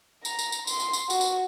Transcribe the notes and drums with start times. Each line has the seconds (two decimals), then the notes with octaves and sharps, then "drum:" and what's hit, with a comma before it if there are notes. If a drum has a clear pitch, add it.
0.25 A#5, drum: tambourine
0.39 drum: tambourine
0.52 drum: tambourine
0.67 C6, drum: tambourine
0.80 drum: tambourine
0.93 drum: tambourine
1.10 F#4, drum: tambourine
1.21 drum: tambourine